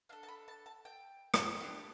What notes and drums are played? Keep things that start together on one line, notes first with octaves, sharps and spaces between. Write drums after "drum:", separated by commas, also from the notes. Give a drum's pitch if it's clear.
D4 A4 F5
A5
B5
A5
A5
G5
drum: rim click
D4 G4